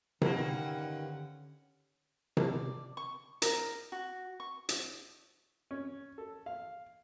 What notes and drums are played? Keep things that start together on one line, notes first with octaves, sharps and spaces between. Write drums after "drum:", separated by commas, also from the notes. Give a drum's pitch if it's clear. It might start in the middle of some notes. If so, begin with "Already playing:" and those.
G2 D3 D#3 A#3 C#4 F#5, drum: tom C3
D5, drum: tom C3
C#6
A#4, drum: hi-hat
F#4
C#6
drum: hi-hat
C#4
A4
F5